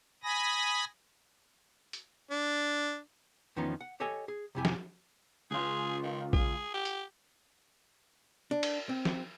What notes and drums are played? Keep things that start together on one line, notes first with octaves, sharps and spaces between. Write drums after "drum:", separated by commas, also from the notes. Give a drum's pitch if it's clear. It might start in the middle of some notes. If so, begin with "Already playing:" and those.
G#5 B5 D#6 A#6
drum: hi-hat
D4
E2 D#3 F3 B3 C#4 D#4
F#5
G4 A4 C#5 D#5 G#5
G#4
C2 F2 C3 E4 G4 G#5
drum: snare
C#2 F4 G#4
D#3
G#4, drum: kick
G4
drum: hi-hat
D4
drum: cymbal
C4
drum: snare